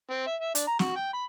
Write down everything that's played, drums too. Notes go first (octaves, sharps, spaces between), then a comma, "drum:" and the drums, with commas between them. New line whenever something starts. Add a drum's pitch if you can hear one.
C4
E5
E5
D4, drum: hi-hat
A#5
F#4, drum: snare
G5
B5